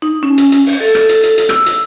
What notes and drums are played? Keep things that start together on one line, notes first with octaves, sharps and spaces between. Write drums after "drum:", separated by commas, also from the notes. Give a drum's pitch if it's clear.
D#4
C#4
drum: hi-hat
drum: hi-hat
drum: open hi-hat
A4
drum: rim click
drum: hi-hat
drum: hi-hat
drum: hi-hat
E6, drum: rim click
drum: hi-hat